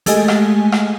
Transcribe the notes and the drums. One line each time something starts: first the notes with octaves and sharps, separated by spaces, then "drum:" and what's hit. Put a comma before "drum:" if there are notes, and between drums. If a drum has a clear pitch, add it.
G#3 A3 G4 D#5 G#5, drum: hi-hat
drum: rim click
drum: rim click